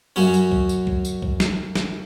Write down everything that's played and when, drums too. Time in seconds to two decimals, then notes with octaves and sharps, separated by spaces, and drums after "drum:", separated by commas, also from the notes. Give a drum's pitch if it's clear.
0.16 F#2 F#3 C#4
0.34 drum: tambourine
0.51 drum: kick
0.69 drum: tambourine
0.87 drum: kick
1.05 drum: tambourine
1.22 drum: kick
1.40 drum: snare
1.76 drum: snare